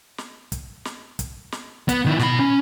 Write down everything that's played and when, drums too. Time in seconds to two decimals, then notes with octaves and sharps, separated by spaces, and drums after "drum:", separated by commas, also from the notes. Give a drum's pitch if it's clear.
0.18 drum: snare
0.52 drum: kick, hi-hat
0.85 drum: snare
1.19 drum: kick, hi-hat
1.52 drum: snare
1.89 B3, drum: kick, hi-hat
2.06 D#3 E4
2.19 B2 B5, drum: snare
2.39 C#4